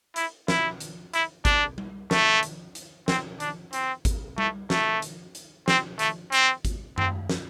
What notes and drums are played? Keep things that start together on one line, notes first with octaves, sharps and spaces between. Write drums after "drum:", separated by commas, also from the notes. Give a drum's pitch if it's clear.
E4, drum: hi-hat
E4, drum: snare
drum: hi-hat
E4, drum: hi-hat
D4, drum: kick G#1, hi-hat
drum: tom G3
A3, drum: snare
drum: hi-hat
drum: hi-hat
C4, drum: snare
D4, drum: hi-hat
C4, drum: hi-hat
drum: kick G#1, hi-hat
A3, drum: tom G3
A3, drum: snare
drum: hi-hat
drum: hi-hat
C4, drum: snare
A3, drum: hi-hat
C4, drum: hi-hat
drum: kick G#1, hi-hat
C4, drum: tom F#2
drum: snare